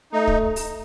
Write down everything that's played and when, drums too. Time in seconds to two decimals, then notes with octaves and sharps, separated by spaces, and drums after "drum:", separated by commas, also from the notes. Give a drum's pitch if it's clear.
0.13 A3 D#4
0.27 drum: kick
0.56 drum: open hi-hat